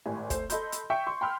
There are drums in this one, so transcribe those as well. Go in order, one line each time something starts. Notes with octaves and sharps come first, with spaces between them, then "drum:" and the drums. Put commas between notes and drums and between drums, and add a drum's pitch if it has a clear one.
G#1 A2 G4 G#5
A3 C5, drum: kick, hi-hat
A4 D#5 B5 C6 G6, drum: hi-hat
drum: hi-hat
E5 G5 C#6 G6 C#7
C6 C#6
G5 B5 C6 E6 F6 G6